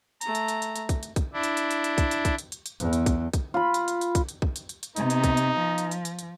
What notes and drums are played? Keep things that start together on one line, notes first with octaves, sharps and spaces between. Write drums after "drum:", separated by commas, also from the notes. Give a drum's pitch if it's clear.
A3 A#5, drum: hi-hat
drum: hi-hat
drum: hi-hat
drum: hi-hat
drum: hi-hat
drum: kick, hi-hat
drum: hi-hat
drum: kick, hi-hat
D4 E4
drum: hi-hat
drum: hi-hat
drum: hi-hat
drum: hi-hat
drum: kick, hi-hat
drum: hi-hat
drum: kick, hi-hat
drum: hi-hat
drum: hi-hat
drum: hi-hat
E2, drum: hi-hat
drum: hi-hat
drum: kick, hi-hat
drum: kick, hi-hat
F4 B5
drum: hi-hat
drum: hi-hat
drum: hi-hat
drum: kick, hi-hat
drum: hi-hat
drum: kick
drum: hi-hat
drum: hi-hat
drum: hi-hat
C3 B3 D#4, drum: hi-hat
drum: hi-hat
drum: kick, hi-hat
drum: hi-hat
F3
drum: hi-hat
drum: hi-hat
drum: hi-hat
drum: hi-hat